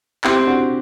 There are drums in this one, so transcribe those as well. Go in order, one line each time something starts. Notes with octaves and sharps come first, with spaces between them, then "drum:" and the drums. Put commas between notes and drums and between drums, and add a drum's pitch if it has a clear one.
C4 E4 G4, drum: clap
D4 F#4